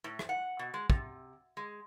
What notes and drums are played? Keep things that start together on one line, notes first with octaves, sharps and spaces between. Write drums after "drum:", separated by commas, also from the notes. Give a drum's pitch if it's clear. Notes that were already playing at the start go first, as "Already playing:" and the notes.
A2
drum: rim click
F#5
B2
G#3
C3, drum: kick
G#3